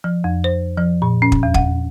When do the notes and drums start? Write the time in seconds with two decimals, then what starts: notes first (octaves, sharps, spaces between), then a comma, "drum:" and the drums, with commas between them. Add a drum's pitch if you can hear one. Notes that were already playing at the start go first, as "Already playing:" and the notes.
0.04 F3
0.24 F2
0.44 C5
0.78 F3
1.02 A#2
1.22 C#4
1.32 drum: kick
1.43 E2
1.54 F#5, drum: kick